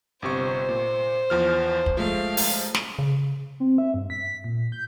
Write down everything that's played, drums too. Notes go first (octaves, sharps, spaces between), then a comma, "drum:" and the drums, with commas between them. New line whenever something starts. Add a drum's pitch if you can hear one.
G1 C3 C5 C#6
A#2
E2 F3 F6
drum: kick
F3 G#3 A3 F5
drum: open hi-hat
drum: snare
C#3
C4
E5
G2
B6
A#2
G6